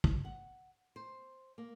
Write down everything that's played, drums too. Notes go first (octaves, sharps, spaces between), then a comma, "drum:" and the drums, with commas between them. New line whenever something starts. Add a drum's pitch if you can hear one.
drum: kick
F#5
C5
A#3